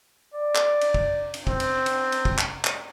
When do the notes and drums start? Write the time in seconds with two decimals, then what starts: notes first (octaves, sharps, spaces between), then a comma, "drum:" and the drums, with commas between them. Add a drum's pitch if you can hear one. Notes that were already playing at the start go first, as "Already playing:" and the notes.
0.34 D5
0.55 drum: clap
0.81 drum: cymbal
0.94 drum: kick
1.34 drum: cymbal
1.47 C4, drum: kick
1.60 drum: cymbal
1.86 drum: cymbal
2.12 drum: cymbal
2.25 drum: kick
2.38 drum: clap
2.65 drum: clap